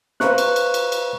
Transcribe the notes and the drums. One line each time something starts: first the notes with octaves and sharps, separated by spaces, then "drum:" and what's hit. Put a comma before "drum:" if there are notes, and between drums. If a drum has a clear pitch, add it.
B4 C5 F5 A#5 C#6 F#6, drum: snare
drum: cymbal
drum: cymbal
drum: cymbal
drum: cymbal